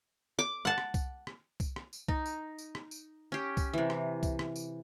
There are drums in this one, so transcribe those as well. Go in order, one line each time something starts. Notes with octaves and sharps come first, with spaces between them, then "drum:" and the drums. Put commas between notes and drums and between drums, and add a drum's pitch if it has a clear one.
D6
F#5 A5
drum: rim click
drum: kick C2, tambourine
drum: rim click
drum: kick C2, tambourine
drum: rim click
drum: tambourine
D#4, drum: kick C2
drum: tambourine
drum: tambourine
drum: rim click
drum: tambourine
C#4 G4
drum: kick C2, tambourine
C3 E3
drum: rim click
drum: kick C2, tambourine
drum: rim click
drum: tambourine